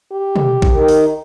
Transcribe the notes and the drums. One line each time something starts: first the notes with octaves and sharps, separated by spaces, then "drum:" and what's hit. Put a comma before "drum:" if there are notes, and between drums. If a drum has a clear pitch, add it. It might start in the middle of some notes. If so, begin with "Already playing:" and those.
G4
drum: tom
drum: kick A#1
D#3
drum: open hi-hat